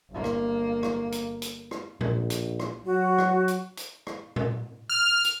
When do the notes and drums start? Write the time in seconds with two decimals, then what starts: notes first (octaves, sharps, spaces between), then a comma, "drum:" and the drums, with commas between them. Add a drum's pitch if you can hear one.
0.10 G1 A#3
0.24 drum: rim click
0.83 drum: rim click
1.12 drum: hi-hat
1.42 drum: hi-hat
1.71 drum: rim click
2.01 A#1, drum: tom A#2
2.30 drum: hi-hat
2.60 drum: rim click
2.85 F#3 F#4
3.18 drum: rim click
3.48 drum: hi-hat
3.77 drum: hi-hat
4.07 drum: rim click
4.36 drum: tom A#2
4.90 F6
5.24 drum: hi-hat